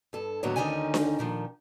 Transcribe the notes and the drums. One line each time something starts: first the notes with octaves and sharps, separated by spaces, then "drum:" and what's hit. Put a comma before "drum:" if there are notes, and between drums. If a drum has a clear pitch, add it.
G2 A4
D#2 A2 D3 F#3 B3 C#5
D2 D3 D#3 C#4 D#4 G#5
drum: snare D4
A#2 D#3 F3